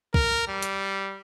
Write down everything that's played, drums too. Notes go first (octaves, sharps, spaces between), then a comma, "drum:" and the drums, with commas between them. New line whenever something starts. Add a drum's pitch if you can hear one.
A#4, drum: kick
G3
drum: hi-hat